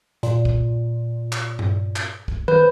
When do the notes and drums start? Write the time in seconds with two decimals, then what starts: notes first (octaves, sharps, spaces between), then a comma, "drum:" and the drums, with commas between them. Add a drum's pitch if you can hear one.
0.23 A#2, drum: hi-hat
0.45 drum: kick
1.32 drum: clap
1.59 drum: tom G2
1.96 drum: clap
2.28 drum: kick
2.48 B4 C5, drum: tom D#3